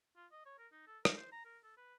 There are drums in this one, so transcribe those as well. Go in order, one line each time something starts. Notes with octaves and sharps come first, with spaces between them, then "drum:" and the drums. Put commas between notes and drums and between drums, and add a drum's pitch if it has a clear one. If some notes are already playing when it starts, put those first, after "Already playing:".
F4
D#5
C#5
A#4
D#4
A4
A#4, drum: rim click
C5
A#5
A#4
A4
B4